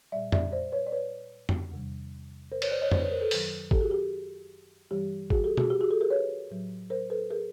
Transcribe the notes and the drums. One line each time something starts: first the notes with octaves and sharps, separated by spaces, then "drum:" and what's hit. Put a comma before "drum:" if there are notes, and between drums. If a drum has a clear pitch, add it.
A#2 G3 D5 E5
D5 E5, drum: tom F2
C5 D5
B4 C#5
D5
B4 C#5
drum: tom F2
E2 C3 D#3 G3
A#4 C5
B4 C#5, drum: cymbal
C5 D5
C#5 D#5
C5 D5, drum: tom F2
B4 C#5
A#4 C5
A4 B4
F#2 D#3 F#3, drum: open hi-hat
G4 A4, drum: kick
F#4 G#4
G4
G2 E3 G3 G4
F#4 G#4, drum: kick
G4 A4
F#4 G#4, drum: tom B2
G4
F#4 G#4
G4 A4
G#4 A#4
B4 C#5
A2 F#3
A#4 C5
A4 B4
G#4 A#4